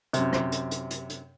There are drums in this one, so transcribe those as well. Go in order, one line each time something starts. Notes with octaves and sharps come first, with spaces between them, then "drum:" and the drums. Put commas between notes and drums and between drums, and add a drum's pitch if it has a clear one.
F#2 C3, drum: hi-hat
drum: rim click
drum: hi-hat
drum: hi-hat
drum: hi-hat
drum: hi-hat